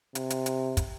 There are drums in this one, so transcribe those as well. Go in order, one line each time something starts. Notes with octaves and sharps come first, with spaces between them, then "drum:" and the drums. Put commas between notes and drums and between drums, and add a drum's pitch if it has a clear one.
C3, drum: hi-hat
drum: hi-hat
drum: hi-hat
drum: kick, hi-hat